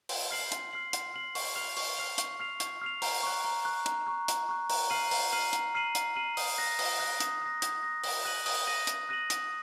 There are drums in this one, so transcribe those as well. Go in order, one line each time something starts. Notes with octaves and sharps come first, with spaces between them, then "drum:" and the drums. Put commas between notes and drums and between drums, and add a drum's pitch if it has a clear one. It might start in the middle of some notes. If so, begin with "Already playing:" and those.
C6, drum: open hi-hat
F6 C7 F#7
C6, drum: hi-hat
F6 C7 F#7
C6, drum: hi-hat
F6 C7 F#7
C#6, drum: open hi-hat
F6 C7 F7
C#6, drum: open hi-hat
F6 C7 F7
C#6, drum: hi-hat
F6 C7 F7
C#6, drum: hi-hat
F6 C7 F7
A#5, drum: open hi-hat
C#6 F#6
A#5
C#6 F#6
A#5, drum: hi-hat
C#6 F#6
A#5, drum: hi-hat
C#6 F#6
A#5, drum: open hi-hat
F6 C7 D#7 F#7
A#5, drum: open hi-hat
F6 C7 D#7 F#7
A#5, drum: hi-hat
F6 C7 D#7 F#7
A#5, drum: hi-hat
F6 C7 D#7 F#7
D#6, drum: open hi-hat
F#6 A#6
D#6, drum: open hi-hat
F#6 A#6
D#6, drum: hi-hat
F#6 A#6
D#6, drum: hi-hat
F#6 A#6
D#6, drum: open hi-hat
F#6 A#6 D#7 F#7
D#6, drum: open hi-hat
F#6 A#6 D#7 F#7
D#6, drum: hi-hat
F#6 A#6 D#7 F#7
D#6, drum: hi-hat